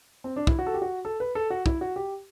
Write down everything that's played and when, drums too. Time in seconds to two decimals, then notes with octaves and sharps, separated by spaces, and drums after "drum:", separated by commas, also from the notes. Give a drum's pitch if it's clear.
0.24 C4
0.36 D4
0.47 E4, drum: kick
0.59 F#4
0.67 A4
0.74 G4
0.82 F#4
1.05 A4
1.20 B4
1.35 A4
1.50 F#4
1.66 E4, drum: kick
1.81 F#4
1.96 G4